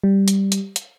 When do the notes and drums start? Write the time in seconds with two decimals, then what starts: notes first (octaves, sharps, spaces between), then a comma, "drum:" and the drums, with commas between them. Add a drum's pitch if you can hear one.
0.04 G3
0.28 drum: hi-hat
0.52 drum: hi-hat
0.76 drum: hi-hat